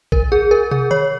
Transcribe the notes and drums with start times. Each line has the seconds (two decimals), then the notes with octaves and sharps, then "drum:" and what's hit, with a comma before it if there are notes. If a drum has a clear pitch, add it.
0.12 A#4, drum: kick A#1
0.32 G#4
0.51 A#4
0.71 G#4, drum: tom
0.91 C#5, drum: tom D3